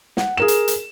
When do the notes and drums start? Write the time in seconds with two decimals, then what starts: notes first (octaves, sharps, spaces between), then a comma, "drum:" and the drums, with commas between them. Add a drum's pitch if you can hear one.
0.17 F#5, drum: snare
0.37 G#4 A#4 E7
0.48 drum: hi-hat
0.68 drum: hi-hat